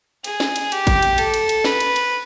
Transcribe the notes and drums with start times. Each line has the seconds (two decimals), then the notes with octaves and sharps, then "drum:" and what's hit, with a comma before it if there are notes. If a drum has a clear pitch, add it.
0.24 G#4, drum: cymbal
0.40 drum: snare
0.56 drum: cymbal
0.72 G4, drum: cymbal
0.87 drum: kick G#1, cymbal
1.02 drum: cymbal
1.18 A4, drum: cymbal
1.34 drum: cymbal
1.49 drum: cymbal
1.64 B4, drum: snare
1.80 drum: cymbal
1.96 drum: cymbal